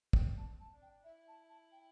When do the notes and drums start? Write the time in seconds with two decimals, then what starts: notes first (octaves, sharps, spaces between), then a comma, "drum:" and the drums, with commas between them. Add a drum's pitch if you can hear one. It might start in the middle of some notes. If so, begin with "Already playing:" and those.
0.13 D4 G5, drum: kick
0.37 A5
0.43 C4
0.59 A5
0.74 D4
0.81 G5
1.03 E4 E5
1.27 A5
1.49 A5
1.71 G5